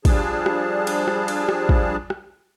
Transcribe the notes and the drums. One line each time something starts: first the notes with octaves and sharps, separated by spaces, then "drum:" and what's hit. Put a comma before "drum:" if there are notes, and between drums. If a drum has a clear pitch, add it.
F3 G3 D4 G#4 A5, drum: kick, cymbal
drum: rim click
drum: cymbal
drum: rim click
drum: cymbal
drum: rim click
drum: kick
drum: rim click